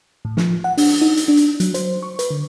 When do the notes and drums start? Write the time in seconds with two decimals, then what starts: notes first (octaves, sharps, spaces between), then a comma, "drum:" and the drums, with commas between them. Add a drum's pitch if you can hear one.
0.25 A2
0.37 F3, drum: snare
0.64 F#5
0.77 D4, drum: open hi-hat
1.01 D#4
1.17 drum: hi-hat
1.28 D4
1.37 drum: hi-hat
1.60 F#3, drum: hi-hat
1.74 C5, drum: hi-hat
2.03 C#6
2.19 B4, drum: hi-hat
2.31 D3